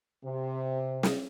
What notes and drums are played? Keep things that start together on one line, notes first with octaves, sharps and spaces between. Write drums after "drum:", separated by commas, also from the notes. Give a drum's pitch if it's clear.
C3
drum: snare